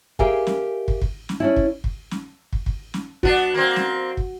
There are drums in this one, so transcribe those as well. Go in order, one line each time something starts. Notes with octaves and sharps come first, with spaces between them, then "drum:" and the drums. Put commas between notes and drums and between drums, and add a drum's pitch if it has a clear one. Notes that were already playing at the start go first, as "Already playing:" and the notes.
G4 G#4 A#4 E5 F5 G#5, drum: kick
drum: snare
drum: kick
drum: kick
drum: snare
C#4 D4 E4
drum: kick
drum: kick
drum: snare
drum: kick
drum: kick
drum: snare
B3 D4 F#4, drum: kick
A#3 C4
drum: snare
drum: kick